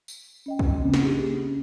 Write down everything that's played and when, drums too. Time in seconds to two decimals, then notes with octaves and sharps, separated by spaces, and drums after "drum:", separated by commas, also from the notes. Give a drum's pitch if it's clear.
0.08 drum: tambourine
0.46 C#4 D#5 G5
0.59 drum: kick
0.82 C#3 A#3 C4 C#4
0.94 drum: snare
1.04 D4 G4 G#4
1.45 C#4